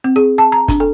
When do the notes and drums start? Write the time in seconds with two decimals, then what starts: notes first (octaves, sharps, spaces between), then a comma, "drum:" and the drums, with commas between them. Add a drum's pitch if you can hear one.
0.04 C4
0.16 G#4
0.38 A5
0.52 A#5
0.68 D4, drum: kick, hi-hat
0.80 A4